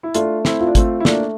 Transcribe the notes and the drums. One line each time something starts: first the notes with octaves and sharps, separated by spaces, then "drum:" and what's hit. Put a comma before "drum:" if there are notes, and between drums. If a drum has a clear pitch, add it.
E4
A3 D4 F4, drum: hi-hat
C4 E4, drum: snare
F4
D4
A3 C4, drum: kick, hi-hat
E4
A3 A#3 D4, drum: snare